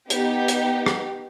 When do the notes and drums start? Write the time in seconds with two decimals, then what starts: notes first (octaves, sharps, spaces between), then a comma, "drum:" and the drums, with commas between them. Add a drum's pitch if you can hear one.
0.10 B3 D#4 G4, drum: hi-hat
0.48 drum: hi-hat
0.86 drum: rim click